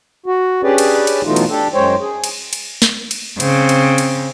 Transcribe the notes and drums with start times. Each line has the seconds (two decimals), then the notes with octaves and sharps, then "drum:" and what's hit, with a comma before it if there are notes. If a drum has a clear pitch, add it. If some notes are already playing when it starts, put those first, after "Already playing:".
0.26 F#4
0.63 C#4 D4 G4 G#4 B4 D5
0.78 drum: cymbal
1.07 drum: cymbal
1.25 B2 E3 F#3 A3 D#4 F4
1.36 drum: cymbal
1.49 D4 G4 A4
1.74 F#2 G#3 C5 C#5 G5
2.00 G#4
2.24 drum: cymbal
2.53 drum: cymbal
2.82 drum: snare
3.11 drum: cymbal
3.40 C#3 C4, drum: cymbal
3.69 drum: cymbal
3.98 drum: cymbal